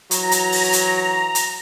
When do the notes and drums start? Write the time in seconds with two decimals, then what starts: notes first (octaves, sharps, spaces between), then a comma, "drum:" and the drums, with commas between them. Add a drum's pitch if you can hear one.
0.11 E3 F#3 A#5, drum: hi-hat
0.31 drum: hi-hat
0.52 drum: open hi-hat
0.73 drum: hi-hat
1.35 drum: hi-hat